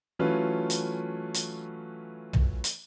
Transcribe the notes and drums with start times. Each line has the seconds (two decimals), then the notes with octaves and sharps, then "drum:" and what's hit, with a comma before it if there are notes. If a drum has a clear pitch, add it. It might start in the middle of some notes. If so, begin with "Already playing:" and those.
0.19 E3 F#3 A3 C#4 F4 B4
0.70 drum: hi-hat
1.34 drum: hi-hat
2.33 drum: tom
2.64 drum: hi-hat